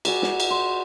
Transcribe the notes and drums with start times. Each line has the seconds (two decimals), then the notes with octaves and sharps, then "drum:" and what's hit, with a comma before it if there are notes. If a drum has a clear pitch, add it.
0.05 F#4 G#4 D5, drum: cymbal
0.22 drum: snare
0.40 drum: cymbal
0.50 C6